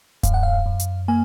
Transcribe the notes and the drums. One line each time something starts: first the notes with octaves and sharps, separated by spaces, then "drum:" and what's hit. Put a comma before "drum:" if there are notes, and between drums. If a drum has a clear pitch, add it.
F#2 F5, drum: kick D1, hi-hat
F#5
F5
F#2
drum: hi-hat
A#3 G#5